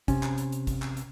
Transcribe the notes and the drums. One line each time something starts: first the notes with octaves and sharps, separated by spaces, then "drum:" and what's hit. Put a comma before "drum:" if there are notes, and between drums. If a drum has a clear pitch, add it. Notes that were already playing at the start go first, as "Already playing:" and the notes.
C3 C#4, drum: kick, hi-hat
drum: clap
drum: hi-hat
drum: hi-hat
drum: kick, hi-hat
drum: clap
drum: hi-hat